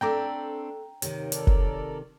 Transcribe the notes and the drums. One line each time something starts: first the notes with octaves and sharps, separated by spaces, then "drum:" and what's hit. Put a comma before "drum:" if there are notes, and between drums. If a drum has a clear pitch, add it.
A3 C4 D4 A4 G5 A#5 D6
D#2 C3 D#3 C#5, drum: hi-hat
A4 A#4 D5, drum: hi-hat
drum: kick